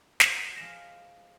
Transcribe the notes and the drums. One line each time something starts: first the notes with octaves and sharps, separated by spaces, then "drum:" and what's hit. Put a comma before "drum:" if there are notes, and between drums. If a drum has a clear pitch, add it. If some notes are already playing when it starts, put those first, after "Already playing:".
F#4, drum: snare
F3 G#3 A#6 E7